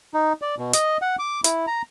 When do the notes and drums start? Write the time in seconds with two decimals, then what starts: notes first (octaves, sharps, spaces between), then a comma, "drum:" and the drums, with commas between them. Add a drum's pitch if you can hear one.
0.14 D#4
0.42 D5
0.59 B2
0.73 D#5, drum: hi-hat
1.02 F#5
1.19 D6
1.44 E4, drum: hi-hat
1.67 A#5